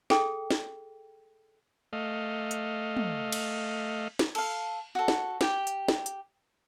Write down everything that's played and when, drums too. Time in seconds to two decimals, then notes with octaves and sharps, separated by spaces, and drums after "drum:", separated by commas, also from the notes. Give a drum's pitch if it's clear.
0.10 G#4 A4 G5, drum: snare
0.51 drum: snare
1.93 A3 D#5 F5
2.51 drum: hi-hat
2.97 drum: tom
3.32 drum: cymbal
4.19 drum: snare
4.35 A4 F5, drum: cymbal
4.95 F#4 A4
5.08 drum: snare
5.41 G4 G5, drum: snare
5.67 drum: hi-hat
5.88 drum: snare
6.06 drum: hi-hat